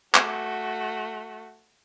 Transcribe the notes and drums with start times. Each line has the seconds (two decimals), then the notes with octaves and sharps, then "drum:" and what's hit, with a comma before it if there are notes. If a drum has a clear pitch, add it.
0.15 A3 F#4, drum: clap